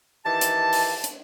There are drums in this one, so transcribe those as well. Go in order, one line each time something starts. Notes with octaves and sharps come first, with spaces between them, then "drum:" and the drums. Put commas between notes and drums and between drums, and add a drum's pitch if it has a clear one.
D#3 E3 G4 A5
drum: hi-hat
drum: open hi-hat
drum: hi-hat